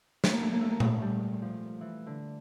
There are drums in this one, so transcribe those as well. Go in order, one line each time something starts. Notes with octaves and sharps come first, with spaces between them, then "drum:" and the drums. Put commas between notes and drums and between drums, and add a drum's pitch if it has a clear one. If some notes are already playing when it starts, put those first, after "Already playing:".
A3, drum: snare
A#3
A3
A#3
A3
A#3
A3, drum: tom A#2
G3
F3
E3
D3